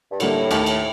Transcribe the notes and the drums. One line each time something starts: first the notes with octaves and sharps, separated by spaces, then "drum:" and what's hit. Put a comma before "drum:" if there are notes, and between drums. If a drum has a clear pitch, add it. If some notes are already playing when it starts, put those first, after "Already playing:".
G2
A2 D3 G3 A#3, drum: cymbal
D#2 D#3 A3, drum: cymbal
drum: cymbal